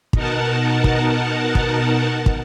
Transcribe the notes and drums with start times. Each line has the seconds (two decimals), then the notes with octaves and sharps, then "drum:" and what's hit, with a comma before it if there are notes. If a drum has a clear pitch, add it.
0.13 B2 D#4 A#4 F#5 A5, drum: kick
0.84 drum: kick
1.55 drum: kick
2.26 drum: kick